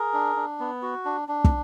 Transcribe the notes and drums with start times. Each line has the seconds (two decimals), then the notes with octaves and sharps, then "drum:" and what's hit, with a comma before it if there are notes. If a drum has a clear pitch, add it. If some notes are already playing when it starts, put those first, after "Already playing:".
Already playing: G#4 A#4
0.14 D4
0.36 D4
0.60 B3
0.82 F#4
1.05 D4
1.28 D4
1.44 drum: kick